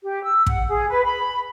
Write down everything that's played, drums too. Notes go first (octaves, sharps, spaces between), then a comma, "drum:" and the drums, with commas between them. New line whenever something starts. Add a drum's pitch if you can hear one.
G4
E6
F#5, drum: kick
G#4
B4
B5